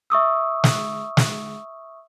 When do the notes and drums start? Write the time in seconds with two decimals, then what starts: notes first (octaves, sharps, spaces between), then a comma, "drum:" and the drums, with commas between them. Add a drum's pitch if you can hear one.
0.10 E5 C#6 D#6 E6
0.64 drum: snare
1.17 drum: snare